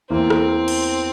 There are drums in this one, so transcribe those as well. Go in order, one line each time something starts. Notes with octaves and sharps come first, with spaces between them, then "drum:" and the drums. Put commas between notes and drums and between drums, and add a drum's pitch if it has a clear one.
E2 E3 A#3 C4 E4
drum: rim click
drum: cymbal